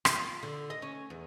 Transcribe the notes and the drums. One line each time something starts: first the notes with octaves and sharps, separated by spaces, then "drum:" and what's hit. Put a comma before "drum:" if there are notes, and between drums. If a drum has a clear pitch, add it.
F4, drum: rim click
D3
D#5
C#4
E2